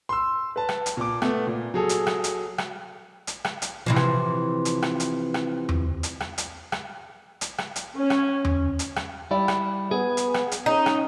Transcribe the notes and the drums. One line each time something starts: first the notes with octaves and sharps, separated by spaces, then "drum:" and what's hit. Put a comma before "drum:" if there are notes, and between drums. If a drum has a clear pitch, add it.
C6 E6
B4 A5
drum: rim click
drum: hi-hat
A#2 D6
A3 B3, drum: rim click
A#2
F#3 G#4 A4
drum: hi-hat
drum: rim click
drum: hi-hat
drum: rim click
drum: hi-hat
drum: rim click
drum: hi-hat
C3 E3 F3
drum: rim click
drum: hi-hat
drum: rim click
drum: hi-hat
drum: rim click
drum: tom E2
drum: hi-hat
drum: rim click
drum: hi-hat
drum: rim click
drum: hi-hat
drum: rim click
drum: hi-hat
C#4
drum: rim click
drum: tom E2
drum: hi-hat
drum: rim click
G3 E4 D5
drum: rim click
B3 G#4
drum: hi-hat
drum: rim click
drum: hi-hat
C#4 D#4
drum: rim click